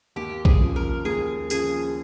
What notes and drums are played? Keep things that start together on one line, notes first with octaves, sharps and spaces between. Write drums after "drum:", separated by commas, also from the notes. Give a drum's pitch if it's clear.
D#2 G4
G#4, drum: kick A#1
C#3 F3
A#4
D#2 G#4
C#3 F3 G#4, drum: tambourine